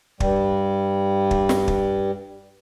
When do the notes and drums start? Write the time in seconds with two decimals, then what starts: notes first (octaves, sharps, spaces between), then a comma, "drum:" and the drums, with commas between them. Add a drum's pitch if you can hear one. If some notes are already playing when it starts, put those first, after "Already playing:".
0.20 G2 G3, drum: kick
1.31 drum: kick
1.49 drum: snare
1.68 drum: kick